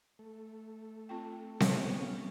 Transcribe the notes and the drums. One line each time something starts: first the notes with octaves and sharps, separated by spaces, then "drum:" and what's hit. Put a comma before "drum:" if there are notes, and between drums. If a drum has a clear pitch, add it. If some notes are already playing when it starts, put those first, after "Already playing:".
A3
C4 F4 G5
B3 C#4, drum: snare C4